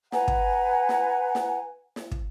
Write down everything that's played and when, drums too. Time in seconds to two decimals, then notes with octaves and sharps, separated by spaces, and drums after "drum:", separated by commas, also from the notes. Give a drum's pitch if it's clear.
0.12 B4 F#5 G#5 A#5, drum: snare
0.28 drum: kick
0.89 drum: snare
1.35 drum: snare
1.96 drum: snare
2.11 drum: kick